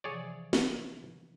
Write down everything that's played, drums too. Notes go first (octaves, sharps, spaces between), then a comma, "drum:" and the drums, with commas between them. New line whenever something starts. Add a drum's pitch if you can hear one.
C3 E3 F3 G#4 C#5 D5
drum: snare